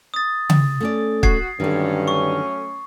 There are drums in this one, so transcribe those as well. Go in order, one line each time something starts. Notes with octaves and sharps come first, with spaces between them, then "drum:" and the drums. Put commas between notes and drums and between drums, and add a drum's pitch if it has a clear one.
D#6 A6
drum: tom C#3
A3 C#4 D5
F#4 G#6 C7, drum: kick
G2 D3 D#3 F#3 A3 C#4
C#6